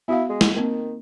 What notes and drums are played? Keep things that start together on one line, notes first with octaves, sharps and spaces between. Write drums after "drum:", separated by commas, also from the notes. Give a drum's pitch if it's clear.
B3 E4 F#4 F5
G#3
drum: snare
D#3 A#3 C4